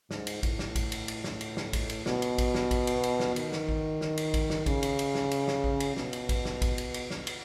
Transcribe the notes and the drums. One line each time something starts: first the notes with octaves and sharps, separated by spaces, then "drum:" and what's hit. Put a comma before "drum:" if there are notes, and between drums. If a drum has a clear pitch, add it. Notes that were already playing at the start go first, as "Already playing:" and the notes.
G#2, drum: snare
drum: cymbal
A2, drum: kick A1, cymbal
drum: snare
drum: kick A1, cymbal
drum: cymbal
drum: cymbal
drum: snare
drum: cymbal
drum: snare
drum: kick A1, cymbal
drum: cymbal
B2, drum: snare
drum: cymbal
drum: kick A1, cymbal
drum: snare
drum: kick A1, cymbal
drum: cymbal
drum: cymbal
drum: snare
D#3, drum: cymbal
drum: snare
drum: kick A1
drum: snare
drum: cymbal
drum: kick A1, cymbal
drum: snare
C#3, drum: kick A1, cymbal
drum: cymbal
drum: cymbal
drum: snare
drum: cymbal
drum: snare
drum: kick A1
drum: cymbal
B2, drum: snare
drum: cymbal
drum: kick A1, cymbal
drum: snare
drum: kick A1, cymbal
drum: cymbal
drum: cymbal
drum: snare
drum: cymbal